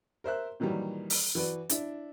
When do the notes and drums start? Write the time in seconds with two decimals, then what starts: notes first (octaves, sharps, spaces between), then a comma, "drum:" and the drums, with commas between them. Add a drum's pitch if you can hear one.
0.24 A#4 C5 E5 F#6
0.60 A#2 D#3 E3 F#3 G3
1.10 drum: open hi-hat
1.35 E3 F#4 B4 D5
1.69 D4 E4, drum: hi-hat